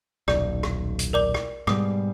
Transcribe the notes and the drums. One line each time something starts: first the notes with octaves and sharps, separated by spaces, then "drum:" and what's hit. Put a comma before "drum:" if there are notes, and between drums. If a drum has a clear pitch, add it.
D#1 B1 D5, drum: rim click
drum: rim click
drum: hi-hat
A#4 D5 D6
drum: rim click
G#2 B2 G3 D6 D#6, drum: rim click